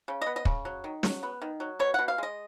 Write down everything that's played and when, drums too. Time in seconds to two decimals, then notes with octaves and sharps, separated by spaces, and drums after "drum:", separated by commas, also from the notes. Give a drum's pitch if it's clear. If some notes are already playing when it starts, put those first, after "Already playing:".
0.08 C#3
0.22 B3 D#5
0.36 D#5
0.45 C#3, drum: kick
0.65 F#3
0.84 D#3
1.03 F#3, drum: snare
1.23 B3
1.42 D#3
1.60 F#3
1.79 B2 C#5
1.94 B2 F#5
2.08 F5
2.18 G#3 D#5